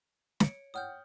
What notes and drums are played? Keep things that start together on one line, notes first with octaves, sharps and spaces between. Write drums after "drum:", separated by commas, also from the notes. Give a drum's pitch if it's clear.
C#5 C#7 D7, drum: snare
C#5 F#5 G5 D#6 F6 G6